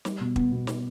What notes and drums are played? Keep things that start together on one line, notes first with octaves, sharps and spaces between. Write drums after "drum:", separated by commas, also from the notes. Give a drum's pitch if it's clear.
G3, drum: snare
B2
B3, drum: kick
B2
B2, drum: snare